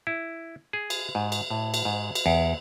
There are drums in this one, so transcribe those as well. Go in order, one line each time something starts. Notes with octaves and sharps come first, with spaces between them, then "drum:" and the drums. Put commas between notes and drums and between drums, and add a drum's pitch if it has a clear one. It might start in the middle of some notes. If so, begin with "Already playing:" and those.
E4
G#4
drum: cymbal
G#2
drum: cymbal
A2
drum: cymbal
G#2
drum: cymbal
E2